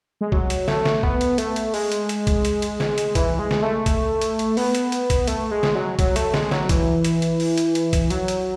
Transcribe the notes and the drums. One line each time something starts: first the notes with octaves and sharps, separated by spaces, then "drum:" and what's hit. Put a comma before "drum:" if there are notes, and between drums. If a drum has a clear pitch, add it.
G#3
F#3, drum: kick
drum: hi-hat
A3, drum: snare
drum: snare
B3, drum: kick
drum: hi-hat
A3, drum: hi-hat
drum: hi-hat
G#3, drum: open hi-hat
drum: hi-hat
drum: hi-hat
drum: kick, hi-hat
drum: hi-hat
drum: hi-hat
drum: snare
drum: hi-hat
E3, drum: kick, hi-hat
G#3
drum: snare
A3
drum: kick, hi-hat
drum: hi-hat
drum: hi-hat
B3, drum: open hi-hat
drum: hi-hat
drum: hi-hat
drum: kick, hi-hat
A3, drum: hi-hat
G#3
drum: snare
F#3
F#3, drum: kick, hi-hat
A3, drum: hi-hat
G#3, drum: snare
F#3, drum: snare
E3, drum: kick, hi-hat
drum: hi-hat
drum: hi-hat
drum: open hi-hat
drum: hi-hat
drum: hi-hat
drum: kick, hi-hat
F#3, drum: hi-hat
drum: hi-hat